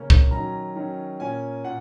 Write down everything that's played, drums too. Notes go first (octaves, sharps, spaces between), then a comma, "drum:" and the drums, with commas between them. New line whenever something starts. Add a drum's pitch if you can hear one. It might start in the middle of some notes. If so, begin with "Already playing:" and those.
Already playing: C#3 A#3 C#4
drum: kick
D#3 F#3 C#4 A#5
D#3 F#3 C#4
A#2 A#3 C#4 G#5
A#2 F#5